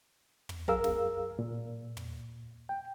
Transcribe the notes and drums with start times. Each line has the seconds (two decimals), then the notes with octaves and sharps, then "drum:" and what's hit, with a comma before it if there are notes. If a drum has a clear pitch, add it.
0.49 drum: tom
0.68 F#2 G#4 A#4 F5 E6, drum: kick
0.84 drum: snare
1.39 A#2
1.97 drum: tom
2.69 G5